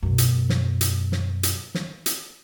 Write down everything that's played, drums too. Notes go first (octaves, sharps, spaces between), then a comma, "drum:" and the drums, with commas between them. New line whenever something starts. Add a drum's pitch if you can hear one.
F#2 B2
drum: hi-hat
drum: snare
drum: hi-hat
drum: snare
drum: hi-hat
drum: snare
drum: hi-hat